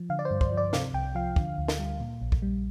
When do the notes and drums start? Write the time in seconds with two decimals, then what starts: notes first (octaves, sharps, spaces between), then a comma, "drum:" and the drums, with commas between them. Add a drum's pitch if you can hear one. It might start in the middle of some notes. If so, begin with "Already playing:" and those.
Already playing: F3
0.10 D3 F5
0.19 D5
0.25 C5
0.31 G2
0.41 C5, drum: kick
0.52 F3
0.57 D5
0.73 C3 F5, drum: snare
0.94 C2 G5
1.15 F3 F5
1.36 D3, drum: kick
1.58 D2
1.68 drum: snare
1.79 G3
2.00 A#2
2.22 A#1
2.32 drum: kick
2.42 G3